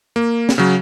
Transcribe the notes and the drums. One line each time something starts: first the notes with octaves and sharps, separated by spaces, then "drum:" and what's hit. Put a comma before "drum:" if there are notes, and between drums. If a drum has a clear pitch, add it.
A#3
drum: snare
C#3 F#3